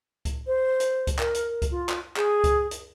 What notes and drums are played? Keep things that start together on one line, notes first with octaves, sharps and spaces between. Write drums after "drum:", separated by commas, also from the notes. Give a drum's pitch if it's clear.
drum: kick C#2, hi-hat
C5
drum: hi-hat
drum: kick C#2, hi-hat
A#4, drum: clap
drum: hi-hat
drum: kick C#2, hi-hat
F4
drum: clap
G#4, drum: clap
drum: kick C#2, hi-hat
drum: hi-hat